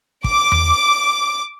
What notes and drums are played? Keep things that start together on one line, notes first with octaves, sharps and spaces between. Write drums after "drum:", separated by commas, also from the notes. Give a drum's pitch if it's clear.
D6, drum: kick
drum: tom E2